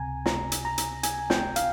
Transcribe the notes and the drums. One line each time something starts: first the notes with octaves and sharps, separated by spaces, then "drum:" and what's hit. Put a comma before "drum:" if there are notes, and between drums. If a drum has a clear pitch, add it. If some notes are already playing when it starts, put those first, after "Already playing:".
Already playing: C#2 C3 G#5 A#5
A#5, drum: snare
drum: hi-hat
A#5
drum: hi-hat
G#5, drum: hi-hat
G5, drum: snare
F5, drum: hi-hat